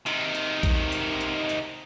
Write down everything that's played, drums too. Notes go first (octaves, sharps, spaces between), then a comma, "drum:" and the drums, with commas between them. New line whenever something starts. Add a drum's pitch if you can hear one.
C3 D#3, drum: hi-hat
drum: hi-hat
drum: kick A#1, hi-hat
drum: hi-hat
drum: hi-hat
drum: hi-hat